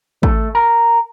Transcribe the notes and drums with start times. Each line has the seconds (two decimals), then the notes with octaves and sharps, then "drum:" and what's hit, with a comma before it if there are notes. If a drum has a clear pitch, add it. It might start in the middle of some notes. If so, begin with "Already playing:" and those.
0.23 A3, drum: kick
0.55 A#4